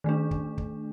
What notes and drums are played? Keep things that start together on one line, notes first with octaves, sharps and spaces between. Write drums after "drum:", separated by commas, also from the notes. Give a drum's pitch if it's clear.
D#3 A3 D4
drum: kick
drum: kick